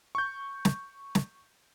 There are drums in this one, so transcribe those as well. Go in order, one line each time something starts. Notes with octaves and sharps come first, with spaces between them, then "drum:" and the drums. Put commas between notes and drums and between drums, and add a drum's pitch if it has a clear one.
C#6 G6
drum: snare
drum: snare